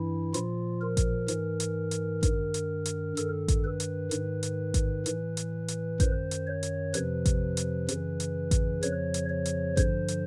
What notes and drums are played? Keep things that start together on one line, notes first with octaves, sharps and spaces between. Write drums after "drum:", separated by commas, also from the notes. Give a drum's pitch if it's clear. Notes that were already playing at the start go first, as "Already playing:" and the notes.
Already playing: G2 E3 E4
A#2 F3 F4, drum: hi-hat
A#4
drum: kick A1, hi-hat
G#2 E3, drum: hi-hat
drum: hi-hat
drum: hi-hat
G2 D#3, drum: kick A1, hi-hat
drum: hi-hat
drum: hi-hat
G2 D#3 A4, drum: hi-hat
drum: kick A1, hi-hat
B4
drum: hi-hat
G#2 D#3, drum: hi-hat
drum: hi-hat
drum: kick A1, hi-hat
A2 E3, drum: hi-hat
drum: hi-hat
drum: hi-hat
F#2 D#3 C5, drum: kick A1, hi-hat
drum: hi-hat
C#5
drum: hi-hat
F2 C3 F3 B4, drum: hi-hat
drum: kick A1, hi-hat
drum: hi-hat
F#2 C#3 E3, drum: hi-hat
drum: hi-hat
drum: kick A1, hi-hat
F2 C#3 F3 C#5, drum: hi-hat
drum: hi-hat
C#5
drum: hi-hat
G2 D3 F3 C5, drum: kick A1, hi-hat
drum: hi-hat